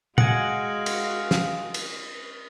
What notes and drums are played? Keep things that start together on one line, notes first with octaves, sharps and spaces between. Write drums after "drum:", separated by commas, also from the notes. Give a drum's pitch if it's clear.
G#3 F#4 F5 F#5 G#5 D#6 A#6 D7, drum: tom
drum: cymbal
drum: snare
drum: cymbal